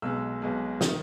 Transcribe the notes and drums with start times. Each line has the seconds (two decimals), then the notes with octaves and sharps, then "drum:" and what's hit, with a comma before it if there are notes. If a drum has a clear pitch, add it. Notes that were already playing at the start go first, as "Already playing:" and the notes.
0.02 B1 B2 G#3 E6
0.42 B1 B2 G#3
0.81 D#3 D#6, drum: snare